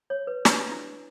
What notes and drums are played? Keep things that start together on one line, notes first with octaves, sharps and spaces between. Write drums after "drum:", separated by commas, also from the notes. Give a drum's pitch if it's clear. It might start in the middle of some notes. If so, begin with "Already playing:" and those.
C#5
B4
D4, drum: snare
E4